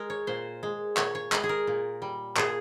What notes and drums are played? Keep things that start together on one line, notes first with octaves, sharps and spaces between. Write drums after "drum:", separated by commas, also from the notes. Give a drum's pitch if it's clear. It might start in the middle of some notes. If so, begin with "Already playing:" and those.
Already playing: G#3 A#4
C#5
A#2 C5
G#3
A#2 C#5, drum: clap
C#5
G#3, drum: clap
G#4
A#4
A#2
G3
A#2 G#4, drum: clap